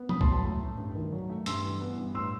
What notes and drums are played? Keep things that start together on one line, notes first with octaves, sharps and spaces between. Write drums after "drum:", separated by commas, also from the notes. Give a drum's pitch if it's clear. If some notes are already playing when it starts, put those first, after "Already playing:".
Already playing: B3
A2 B5 D#6, drum: tom
A5 C6, drum: kick
F#3
A5 C6
A3
A2
G2
D#3
F#3
A3
G2 C6 E6, drum: hi-hat
E3
B3
G2
A2 C6 E6